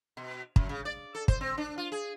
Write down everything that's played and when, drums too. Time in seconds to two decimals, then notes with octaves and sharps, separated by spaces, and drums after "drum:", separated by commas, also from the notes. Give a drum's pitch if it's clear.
0.17 B2
0.56 F#2, drum: kick
0.69 C#3
0.85 D5
1.15 A4
1.28 C5, drum: kick
1.41 C4
1.58 D4
1.78 F4
1.92 G#4